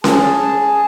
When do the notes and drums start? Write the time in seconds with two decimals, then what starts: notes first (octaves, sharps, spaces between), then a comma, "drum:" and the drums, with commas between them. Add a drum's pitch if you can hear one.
0.04 G#4 A5, drum: snare C#4